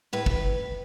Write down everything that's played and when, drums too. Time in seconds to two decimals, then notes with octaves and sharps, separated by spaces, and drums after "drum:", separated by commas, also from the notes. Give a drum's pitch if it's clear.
0.13 A2 B4
0.26 drum: kick